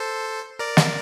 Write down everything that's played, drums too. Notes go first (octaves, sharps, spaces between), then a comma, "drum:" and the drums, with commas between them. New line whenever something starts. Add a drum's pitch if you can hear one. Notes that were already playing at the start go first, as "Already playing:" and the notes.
Already playing: A4 C5
A#4 D5
drum: snare